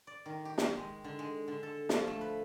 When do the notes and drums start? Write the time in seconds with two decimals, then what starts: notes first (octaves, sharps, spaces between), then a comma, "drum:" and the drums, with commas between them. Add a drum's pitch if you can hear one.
0.07 D5
0.26 D#3
0.45 G4
0.58 drum: snare
0.77 G#3
1.04 D3
1.19 G#3
1.48 D3
1.63 A4
1.89 F3, drum: snare
2.07 A3
2.21 B4